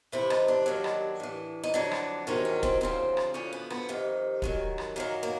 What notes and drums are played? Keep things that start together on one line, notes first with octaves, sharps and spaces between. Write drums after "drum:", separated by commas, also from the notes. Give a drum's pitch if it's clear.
F2 C3 E3 E4
D#4, drum: rim click
D4
D#2 D#3 F#3
drum: rim click
A2 E3
D#4
F2 D3 F#3 D4
drum: rim click
E2 C3 D#3 F#3 C#4
C#4
C4, drum: kick
D2 C#3 F3 C4
drum: rim click
D2 D3 F3 C#4
B3
B3, drum: rim click
F2 C3 D#3
F#2 D#3 F#3, drum: kick
drum: rim click
F#2 D#3 F#3 A#3
A#3